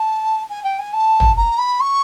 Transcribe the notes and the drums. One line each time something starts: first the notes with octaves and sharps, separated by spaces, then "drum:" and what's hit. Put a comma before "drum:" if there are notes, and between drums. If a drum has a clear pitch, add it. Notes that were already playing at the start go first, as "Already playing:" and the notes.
Already playing: A5
G#5
G5
G#5
A5
drum: tom
A#5
B5
C#6